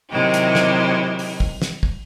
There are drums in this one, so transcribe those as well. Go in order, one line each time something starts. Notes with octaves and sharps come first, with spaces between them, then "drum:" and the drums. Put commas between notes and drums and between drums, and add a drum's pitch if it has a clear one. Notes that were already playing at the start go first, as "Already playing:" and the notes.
C3 D#3 F#3 G#3 E4 G4
drum: hi-hat
drum: snare
drum: open hi-hat
drum: kick
drum: snare
drum: kick